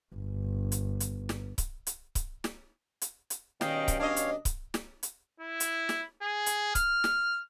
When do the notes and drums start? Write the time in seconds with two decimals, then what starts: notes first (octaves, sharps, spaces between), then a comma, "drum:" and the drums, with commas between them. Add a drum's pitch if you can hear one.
0.15 G1
0.72 drum: hi-hat
1.00 drum: hi-hat
1.29 drum: snare
1.58 drum: kick C#1, hi-hat
1.87 drum: hi-hat
2.15 drum: kick C#1, hi-hat
2.44 drum: snare
3.02 drum: hi-hat
3.30 drum: hi-hat
3.61 B2 D#3 G3 C#4 D#5 F5 G5, drum: snare
3.88 drum: kick C#1, hi-hat
4.00 D4 C#5 D#5 F5
4.16 drum: hi-hat
4.45 drum: kick C#1, hi-hat
4.74 drum: snare
5.03 drum: hi-hat
5.40 E4
5.60 drum: hi-hat
5.89 drum: snare
6.22 G#4
6.46 drum: hi-hat
6.75 F6, drum: kick C#1, hi-hat
7.04 drum: snare